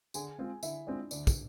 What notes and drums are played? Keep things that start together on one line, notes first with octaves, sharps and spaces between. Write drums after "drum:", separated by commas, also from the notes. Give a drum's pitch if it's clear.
D3 G#4 G#5, drum: tambourine
G#3 C4 F4
D3 E4 E5, drum: tambourine
G#3 C4 D4 F4 D5
D2 D4 D5, drum: tambourine
drum: kick, tambourine